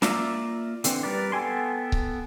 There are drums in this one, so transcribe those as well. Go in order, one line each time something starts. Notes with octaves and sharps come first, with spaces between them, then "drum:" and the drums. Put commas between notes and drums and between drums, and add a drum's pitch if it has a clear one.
A#3 F4 D5 E5 A#5, drum: snare
D3 E3 C4, drum: hi-hat
G3 A#4 B4 D5
B3 A4 G5 G#5 C6
drum: kick C#1